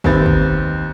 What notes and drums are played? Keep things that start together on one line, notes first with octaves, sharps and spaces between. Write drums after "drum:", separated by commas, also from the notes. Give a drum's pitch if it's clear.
D#2 C4 B4 A6, drum: kick
drum: kick